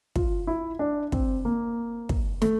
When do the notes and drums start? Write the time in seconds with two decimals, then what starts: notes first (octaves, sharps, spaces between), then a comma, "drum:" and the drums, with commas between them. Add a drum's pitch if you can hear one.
0.16 F4, drum: kick
0.47 E4
0.79 D4
1.12 C4, drum: kick
1.45 A#3
2.09 drum: kick
2.42 A3, drum: snare